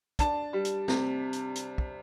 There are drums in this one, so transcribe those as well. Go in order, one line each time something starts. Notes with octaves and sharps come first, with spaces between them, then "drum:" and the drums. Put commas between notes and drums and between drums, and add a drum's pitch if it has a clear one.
D4 A5, drum: kick, hi-hat
G3
drum: hi-hat
C3, drum: snare
drum: hi-hat
drum: hi-hat
drum: kick